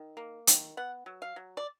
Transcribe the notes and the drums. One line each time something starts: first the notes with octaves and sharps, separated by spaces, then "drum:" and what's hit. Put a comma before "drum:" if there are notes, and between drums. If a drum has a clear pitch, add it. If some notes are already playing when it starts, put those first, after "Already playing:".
Already playing: D#3
A#3
D#3, drum: hi-hat
B3 F#5
F#3
F5
F#3
D5